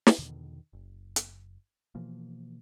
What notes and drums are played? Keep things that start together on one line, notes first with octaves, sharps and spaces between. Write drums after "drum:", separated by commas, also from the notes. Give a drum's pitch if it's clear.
drum: snare
E2 B2 D3 D#3
F#1
drum: hi-hat
B2 E3 F3 A#3